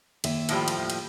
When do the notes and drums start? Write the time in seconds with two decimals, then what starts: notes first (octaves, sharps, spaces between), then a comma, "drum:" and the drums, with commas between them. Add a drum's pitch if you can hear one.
0.24 D#2 E5, drum: cymbal
0.49 A2 F3 G3, drum: cymbal
0.68 drum: cymbal
0.90 drum: cymbal